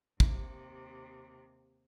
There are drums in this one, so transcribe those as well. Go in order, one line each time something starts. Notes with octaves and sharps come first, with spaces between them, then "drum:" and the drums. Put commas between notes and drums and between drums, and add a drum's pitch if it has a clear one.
D#2 C3, drum: kick